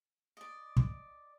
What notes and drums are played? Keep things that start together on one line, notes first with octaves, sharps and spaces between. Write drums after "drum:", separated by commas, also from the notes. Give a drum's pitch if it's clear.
D5 D#5
drum: kick